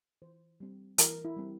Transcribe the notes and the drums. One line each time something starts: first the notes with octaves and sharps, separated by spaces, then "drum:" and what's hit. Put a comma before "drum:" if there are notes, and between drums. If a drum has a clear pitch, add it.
E3 C5
G3 C4
E3 A#4, drum: hi-hat
E4
G3 C4